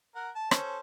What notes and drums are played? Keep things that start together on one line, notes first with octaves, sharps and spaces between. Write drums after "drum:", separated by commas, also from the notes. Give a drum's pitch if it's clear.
A#4 F#5
A5
C#4 A4 C5, drum: rim click